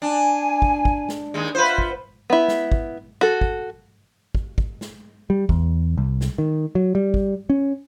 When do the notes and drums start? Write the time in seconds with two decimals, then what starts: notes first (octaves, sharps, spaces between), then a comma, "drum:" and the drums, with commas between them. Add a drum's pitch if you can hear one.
0.02 D4 G#5
0.62 drum: kick
0.85 drum: kick
1.09 drum: snare
1.34 D#2 G#3
1.55 F4 B4 C5 E5 F#5
1.78 drum: kick
2.30 B3 E4
2.48 drum: snare
2.72 drum: kick
3.21 F#4 A4
3.41 drum: kick
4.35 drum: kick
4.58 drum: kick
4.81 drum: snare
5.30 G3
5.49 E2, drum: kick
5.98 C2
6.21 drum: snare
6.38 D#3
6.75 F#3
6.95 G3
7.14 drum: kick
7.50 C#4